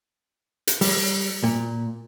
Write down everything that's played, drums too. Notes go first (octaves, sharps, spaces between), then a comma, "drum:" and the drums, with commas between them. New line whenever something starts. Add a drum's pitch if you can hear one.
drum: hi-hat
G3, drum: open hi-hat
A#2